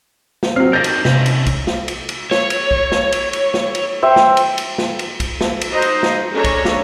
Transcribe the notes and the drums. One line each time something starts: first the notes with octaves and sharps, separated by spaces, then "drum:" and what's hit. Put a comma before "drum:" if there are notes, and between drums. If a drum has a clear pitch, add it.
drum: snare
F#3 C4 F6 C7
D4 D#4 A#4 G6 A6 A#6
drum: cymbal
C3 A3 C#4 D#4, drum: snare
drum: cymbal
drum: kick, cymbal
drum: snare
drum: cymbal
drum: cymbal
C#5, drum: snare
drum: cymbal
drum: kick
drum: snare
drum: cymbal
drum: cymbal
drum: snare
drum: cymbal
C5 E5 G5
drum: snare
drum: cymbal
drum: cymbal
drum: snare
drum: cymbal
drum: kick, cymbal
drum: snare
drum: cymbal
D#4 F#4 C5 D#5 A#5
drum: cymbal
drum: snare
G#3 C#4 D4 A4 C#5 A#5
drum: kick, cymbal
drum: snare